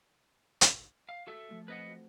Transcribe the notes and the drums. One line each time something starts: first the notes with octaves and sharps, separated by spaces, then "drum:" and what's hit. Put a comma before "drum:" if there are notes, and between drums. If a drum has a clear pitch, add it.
drum: hi-hat
F5
F#4 A4 E5
F3 A3 F4
C4 B4 D#5 F#5
F#4